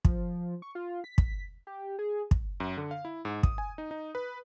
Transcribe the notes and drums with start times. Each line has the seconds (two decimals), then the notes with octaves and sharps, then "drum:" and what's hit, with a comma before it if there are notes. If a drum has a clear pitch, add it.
0.05 F3, drum: kick
0.62 C#6
0.75 F4
1.04 B6
1.18 drum: kick
1.67 G4
1.99 G#4
2.31 drum: kick
2.60 F#2
2.77 D3
2.91 F5
3.05 E4
3.25 G#2
3.43 D#6, drum: kick
3.58 G#5
3.78 D#4
3.91 D#4
4.15 B4